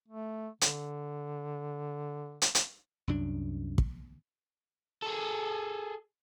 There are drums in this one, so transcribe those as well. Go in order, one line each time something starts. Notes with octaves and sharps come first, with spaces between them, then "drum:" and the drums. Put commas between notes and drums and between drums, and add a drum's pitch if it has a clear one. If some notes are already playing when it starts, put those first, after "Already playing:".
A3
D3, drum: hi-hat
drum: hi-hat
drum: hi-hat
C2 F#2 D4
drum: kick
G#4 A4